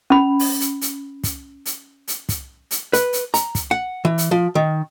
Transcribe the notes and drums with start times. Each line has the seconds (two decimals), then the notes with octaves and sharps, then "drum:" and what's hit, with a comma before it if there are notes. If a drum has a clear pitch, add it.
0.10 C#4 B5
0.39 drum: open hi-hat
0.60 drum: hi-hat
0.82 drum: hi-hat
1.24 drum: kick, hi-hat
1.66 drum: hi-hat
2.08 drum: hi-hat
2.29 drum: kick, hi-hat
2.71 drum: hi-hat
2.93 B4, drum: hi-hat
3.13 drum: hi-hat
3.34 A#5, drum: hi-hat
3.55 drum: kick, hi-hat
3.71 F#5
4.05 E3
4.18 drum: hi-hat
4.31 F3
4.55 D#3